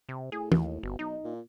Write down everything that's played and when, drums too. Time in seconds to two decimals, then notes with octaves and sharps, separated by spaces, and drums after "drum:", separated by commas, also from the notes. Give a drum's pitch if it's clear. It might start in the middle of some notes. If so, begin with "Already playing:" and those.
0.09 C3
0.32 A2 G#4
0.52 D#2, drum: tom
0.83 G1 B2
0.99 B1 D#4
1.24 A#2